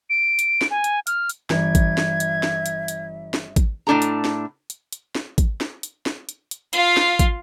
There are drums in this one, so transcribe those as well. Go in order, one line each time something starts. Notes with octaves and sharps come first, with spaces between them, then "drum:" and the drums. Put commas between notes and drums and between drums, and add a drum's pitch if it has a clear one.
D7
drum: hi-hat
drum: snare
G#5
drum: hi-hat
F6, drum: hi-hat
drum: hi-hat
G1 E3 E5 G#6, drum: snare
drum: kick G#1, hi-hat
drum: snare
drum: hi-hat
drum: snare
drum: hi-hat
drum: hi-hat
drum: snare
drum: kick G#1, hi-hat
A2 F3 D4 A4 A#5
drum: hi-hat
drum: snare
drum: hi-hat
drum: hi-hat
drum: snare
drum: kick G#1, hi-hat
drum: snare
drum: hi-hat
drum: snare
drum: hi-hat
drum: hi-hat
F4 F5, drum: hi-hat
drum: snare
drum: kick G#1, hi-hat